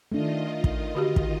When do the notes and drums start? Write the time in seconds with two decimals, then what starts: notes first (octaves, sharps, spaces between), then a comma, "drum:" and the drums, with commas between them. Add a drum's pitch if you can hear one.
0.12 D#3 A3 D4 F4 D#5
0.64 drum: kick
0.95 D3 F#4 G4
1.16 drum: kick